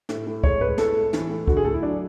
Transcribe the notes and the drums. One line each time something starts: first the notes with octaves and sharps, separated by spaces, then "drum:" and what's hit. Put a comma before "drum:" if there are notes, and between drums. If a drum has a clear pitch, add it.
A2, drum: snare
A2
G#3 C#5, drum: kick
G#3 B4
A2 A4, drum: snare
A3
E3, drum: snare
A2
D3 F#4, drum: kick
G#4
A3 A4
E4
F#3 D4